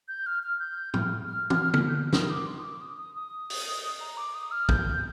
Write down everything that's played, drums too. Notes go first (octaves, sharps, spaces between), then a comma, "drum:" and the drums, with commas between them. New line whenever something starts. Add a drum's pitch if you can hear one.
G6
F6
F6
G6
F6, drum: tom A2
F6
F6, drum: tom
F6, drum: tom
G6
F6
D#6, drum: snare
D6
C6
D#6
D6
D#6
D#6
D#6
drum: open hi-hat
A#5
D6
D#6
F6
G6, drum: kick